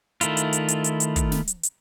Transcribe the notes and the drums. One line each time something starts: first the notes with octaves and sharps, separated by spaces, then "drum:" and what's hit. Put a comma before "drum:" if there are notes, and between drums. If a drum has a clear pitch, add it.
D#3 A3 E4 F4, drum: hi-hat
drum: hi-hat
drum: hi-hat
drum: hi-hat
drum: hi-hat
drum: hi-hat
drum: kick, hi-hat
drum: snare
drum: hi-hat
drum: hi-hat